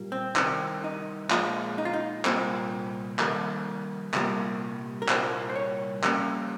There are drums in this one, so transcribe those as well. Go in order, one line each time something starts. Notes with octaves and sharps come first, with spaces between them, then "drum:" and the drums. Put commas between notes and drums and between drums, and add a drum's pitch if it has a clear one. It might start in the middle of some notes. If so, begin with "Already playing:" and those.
Already playing: A#2 G3 A#3
C4
C2 C3 D#3 C4, drum: clap
D#4
A#2 F3 G#3 F4, drum: clap
D#4
F4
D#4
C2 A#2 G3 A#3 C4, drum: clap
F2 C3 D#3 G3 A#3 A#4, drum: clap
C2 A#2 G3 A#3, drum: clap
A#4
C2 A#2 G3 A#3 C5, drum: clap
C5
C#5
F2 C#3 G3 A#3, drum: clap